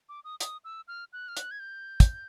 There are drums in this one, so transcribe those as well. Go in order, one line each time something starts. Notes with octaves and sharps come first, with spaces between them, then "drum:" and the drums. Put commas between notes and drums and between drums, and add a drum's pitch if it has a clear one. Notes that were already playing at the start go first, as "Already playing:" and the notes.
D6
D#6
D#6, drum: hi-hat
E6
F6
F#6
F6
F#6, drum: hi-hat
G#6
G6
drum: kick, hi-hat